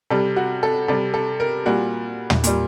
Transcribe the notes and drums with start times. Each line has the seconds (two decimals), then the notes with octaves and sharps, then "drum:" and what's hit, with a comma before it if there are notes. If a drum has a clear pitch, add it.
0.10 C3 G3 A4
0.36 F#4
0.63 A4
0.88 C3 G3 A4
1.14 A4
1.40 A#4
1.66 A#2 G3 F#4
2.30 drum: tom
2.44 A#2 G3, drum: hi-hat